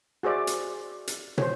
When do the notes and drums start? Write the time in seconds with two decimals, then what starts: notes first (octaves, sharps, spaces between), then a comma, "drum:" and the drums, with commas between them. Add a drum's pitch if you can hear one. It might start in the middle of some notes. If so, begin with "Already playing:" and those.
0.23 F#4 G#4 C5 D5 E5
0.47 drum: hi-hat
1.07 drum: hi-hat
1.38 C5 C#5, drum: tom